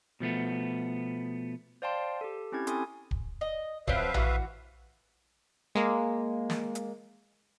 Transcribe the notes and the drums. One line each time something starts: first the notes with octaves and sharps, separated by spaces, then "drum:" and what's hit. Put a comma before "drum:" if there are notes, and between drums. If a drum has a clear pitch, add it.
B2 F3 A3 B3
C5 D5 F5 G5 A5 C6
G4 A4
C4 C#4 E4 G4 G#6
C4 E4 A4 G#5 C6 D#6, drum: hi-hat
drum: kick
D#5
F3 F#3 C4 B4 E5 F5, drum: kick
E3 F#4, drum: tom A#1
G#3 A#3
drum: snare
drum: hi-hat